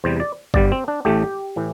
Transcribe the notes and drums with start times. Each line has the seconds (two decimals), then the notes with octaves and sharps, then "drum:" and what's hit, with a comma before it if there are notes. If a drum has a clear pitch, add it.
0.04 E2 C3 G3 C5
0.20 D5
0.54 G1 G2 G3 D5, drum: kick
0.72 C4
0.88 D4
1.05 A1 A2 A3 G4
1.56 A2 E3